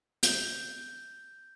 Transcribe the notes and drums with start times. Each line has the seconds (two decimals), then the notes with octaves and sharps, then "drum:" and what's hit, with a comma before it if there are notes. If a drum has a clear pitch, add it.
0.23 G6, drum: hi-hat